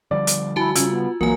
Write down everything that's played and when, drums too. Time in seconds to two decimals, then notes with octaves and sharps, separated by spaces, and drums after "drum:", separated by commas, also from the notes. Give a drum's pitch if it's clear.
0.11 D3 F3 G3 D5
0.27 drum: hi-hat
0.56 E4 F#4 G#5 A5
0.75 C#3 G3 C#4 F4 E6, drum: hi-hat
0.90 B3
1.21 C2 E3 F#3 A#3 A#4 G#5